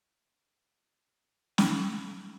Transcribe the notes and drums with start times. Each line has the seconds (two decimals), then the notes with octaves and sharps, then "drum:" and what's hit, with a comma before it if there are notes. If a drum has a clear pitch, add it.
1.58 G5, drum: snare